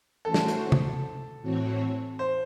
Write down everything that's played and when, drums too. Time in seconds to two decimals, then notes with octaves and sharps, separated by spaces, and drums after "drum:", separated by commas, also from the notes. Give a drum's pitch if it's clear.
0.25 E3 A3 C#4 F#4 A4 C5
0.34 drum: snare
0.48 drum: hi-hat
0.72 drum: tom C3
1.41 A2 E3 C4 F#4 C#5
2.19 C5